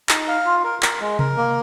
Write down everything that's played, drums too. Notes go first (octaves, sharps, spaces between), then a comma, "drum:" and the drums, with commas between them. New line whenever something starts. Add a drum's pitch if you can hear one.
D#4, drum: clap
F5
F4
A#4
A#4, drum: clap
G#3
A#4, drum: tom C3
A#3